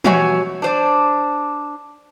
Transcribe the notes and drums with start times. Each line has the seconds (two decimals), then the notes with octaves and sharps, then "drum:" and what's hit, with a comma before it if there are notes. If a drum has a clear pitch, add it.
0.04 B2 G3 F#4 C#5 E5 G#5, drum: tom E3
0.62 D4 C5 D5